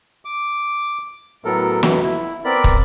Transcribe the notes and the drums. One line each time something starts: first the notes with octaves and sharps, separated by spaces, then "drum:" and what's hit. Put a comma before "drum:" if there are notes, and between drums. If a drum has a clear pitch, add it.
D6
A2 F#3 B3 A4 A#4
F2 B2 F#3 A3 B3, drum: snare
E4
B3 C4 A#4 D5 B5
drum: kick